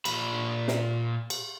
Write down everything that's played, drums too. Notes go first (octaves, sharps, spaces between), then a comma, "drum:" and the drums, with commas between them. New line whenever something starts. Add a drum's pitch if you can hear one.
A#2 B5, drum: cymbal
drum: snare
drum: cymbal